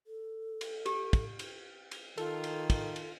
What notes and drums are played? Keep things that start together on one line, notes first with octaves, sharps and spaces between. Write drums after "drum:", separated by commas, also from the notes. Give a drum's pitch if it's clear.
A4
drum: cymbal
G4, drum: cymbal
drum: kick, cymbal
drum: cymbal
drum: cymbal
D#3 F4 A4, drum: cymbal
drum: cymbal
drum: kick, cymbal
drum: cymbal